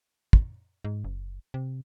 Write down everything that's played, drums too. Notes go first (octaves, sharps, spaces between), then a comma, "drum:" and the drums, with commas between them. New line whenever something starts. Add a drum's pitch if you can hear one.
drum: kick
G#2
F#1
C3